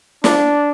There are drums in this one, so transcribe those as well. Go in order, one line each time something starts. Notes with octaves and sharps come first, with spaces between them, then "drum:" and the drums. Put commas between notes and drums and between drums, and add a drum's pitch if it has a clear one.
D4, drum: snare